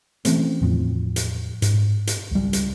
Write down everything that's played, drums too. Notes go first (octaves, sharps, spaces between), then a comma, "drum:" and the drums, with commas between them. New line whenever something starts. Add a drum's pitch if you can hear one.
E3 A3 C4 C#4, drum: hi-hat
E2 A2 F3
drum: hi-hat
G#2, drum: hi-hat
drum: hi-hat
C#2 G3
drum: hi-hat